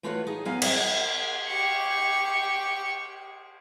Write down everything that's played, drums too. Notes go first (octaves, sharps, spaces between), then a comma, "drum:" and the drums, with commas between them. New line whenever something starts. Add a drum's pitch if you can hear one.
E3 A3 F4 F#4 B4 C#5
D#4 G#4
E2 F#3 B3 F5 G#5 A#5
E2 G3 C4 G#4 A#4 G5, drum: cymbal
G4 C#6